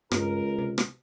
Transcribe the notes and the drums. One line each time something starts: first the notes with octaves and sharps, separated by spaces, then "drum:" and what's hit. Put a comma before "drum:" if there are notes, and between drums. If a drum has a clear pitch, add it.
C#2 G2 A#4, drum: rim click
C3
drum: rim click